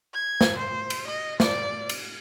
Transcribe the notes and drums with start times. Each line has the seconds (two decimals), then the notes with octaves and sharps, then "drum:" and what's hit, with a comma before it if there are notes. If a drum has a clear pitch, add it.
0.14 G#6
0.41 drum: snare
0.58 C5
0.90 drum: cymbal
1.07 D#5
1.40 D5, drum: snare
1.89 drum: cymbal